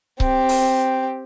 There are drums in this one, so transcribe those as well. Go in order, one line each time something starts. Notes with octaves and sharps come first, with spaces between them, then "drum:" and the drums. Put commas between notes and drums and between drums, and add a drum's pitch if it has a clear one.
C4 G4, drum: kick C#1
drum: open hi-hat